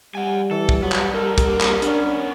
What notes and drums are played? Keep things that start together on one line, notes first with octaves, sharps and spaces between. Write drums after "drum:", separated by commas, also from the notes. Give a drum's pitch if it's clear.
G3 F#5 G#5
E3 A4
drum: kick
F#3 B3
drum: clap
D#4 A4 A#4
drum: kick, hi-hat
D3 A#3
drum: clap
B3 C#4 D4, drum: hi-hat